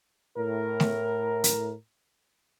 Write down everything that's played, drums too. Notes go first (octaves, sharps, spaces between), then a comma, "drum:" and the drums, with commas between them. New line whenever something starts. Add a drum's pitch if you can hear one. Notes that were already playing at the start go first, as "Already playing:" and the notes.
A2 A#4
drum: snare
drum: hi-hat